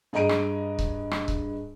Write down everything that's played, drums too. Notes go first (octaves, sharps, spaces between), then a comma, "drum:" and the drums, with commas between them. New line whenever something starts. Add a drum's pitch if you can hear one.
G2 G#4 D#5 A#5 D7 D#7
drum: rim click
drum: kick C#1
drum: rim click
drum: kick C#1